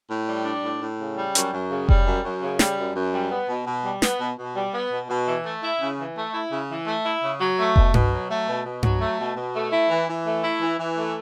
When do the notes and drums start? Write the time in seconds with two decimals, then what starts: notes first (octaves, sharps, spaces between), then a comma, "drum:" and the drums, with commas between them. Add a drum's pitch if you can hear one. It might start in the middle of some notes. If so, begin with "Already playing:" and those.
0.11 A2
0.27 G3
0.45 D4
0.63 A2
0.81 A2
0.99 C#3
1.17 G3
1.35 F#2, drum: hi-hat
1.52 F#2
1.70 C#3
1.89 G3, drum: kick F1
2.06 F#2
2.24 F#2
2.41 C#3
2.59 G3, drum: snare
2.78 F#2
2.95 F#2
3.13 G3
3.31 B3
3.48 B2
3.66 B2
3.84 G3
4.02 B3, drum: snare
4.20 B2
4.37 B2
4.56 G3
4.74 B3
4.91 B2
5.09 B2
5.27 E3
5.45 A3
5.62 E4
5.80 C#3
5.97 E3
6.16 A3
6.33 E4
6.51 C#3
6.69 E3
6.87 A3
7.05 E4
7.22 C#3
7.40 F#3
7.59 A3
7.76 B2, drum: kick F1
7.94 B2, drum: tom G2
8.12 F#3
8.29 A3
8.47 B2
8.65 B2
8.83 F#3, drum: tom G2
9.01 A3
9.18 B2
9.36 B2
9.55 A3
9.72 E4
9.90 E3
10.07 E3
10.25 A3
10.43 E4
10.62 E3
10.78 E3
10.97 A3